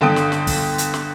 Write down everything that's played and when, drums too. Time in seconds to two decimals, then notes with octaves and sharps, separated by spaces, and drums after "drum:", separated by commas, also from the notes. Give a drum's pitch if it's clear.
0.01 G1 D3 A4 G5 D#6 D7
0.16 drum: snare
0.32 drum: snare
0.47 drum: kick, open hi-hat
0.78 drum: hi-hat
0.94 drum: snare